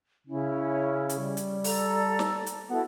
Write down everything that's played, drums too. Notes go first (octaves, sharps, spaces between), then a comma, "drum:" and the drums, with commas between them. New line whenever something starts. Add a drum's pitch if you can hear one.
C#3 C#4 E4
drum: hi-hat
G3
drum: hi-hat
A4 A#5, drum: open hi-hat
drum: snare
drum: hi-hat
B3 E4 F#4 A4